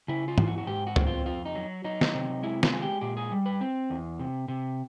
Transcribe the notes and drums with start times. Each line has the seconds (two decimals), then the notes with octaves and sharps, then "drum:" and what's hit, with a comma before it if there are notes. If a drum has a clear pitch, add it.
0.08 C#3 E4
0.28 F4
0.38 E3, drum: tom
0.47 F#4
0.58 F#4
0.67 G#2 G4
0.87 F#4
0.96 C4, drum: tom
1.07 F4
1.26 F2 F4
1.45 D#4
1.55 F#3
1.84 F#3 D#4
2.01 drum: snare
2.14 C3
2.43 G#3 E4
2.63 F4, drum: snare
2.73 G#3
2.82 G4
3.01 A#2 G4
3.17 G#4
3.32 G3
3.46 B4
3.61 C4
3.90 E2
4.19 C3
4.48 C3